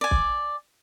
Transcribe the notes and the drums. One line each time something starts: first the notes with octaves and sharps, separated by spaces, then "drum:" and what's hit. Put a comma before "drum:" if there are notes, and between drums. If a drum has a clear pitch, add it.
D5 G#5
drum: kick